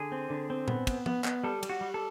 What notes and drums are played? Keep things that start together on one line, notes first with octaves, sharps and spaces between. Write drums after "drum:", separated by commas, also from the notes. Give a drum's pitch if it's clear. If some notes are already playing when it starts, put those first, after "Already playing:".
Already playing: D3 G#4
C4
D3
C4
B3, drum: tom A#2
B3, drum: kick, cymbal
B3, drum: tom F3
B3, drum: clap
G3 A4
G3, drum: cymbal
F#4
G3
A4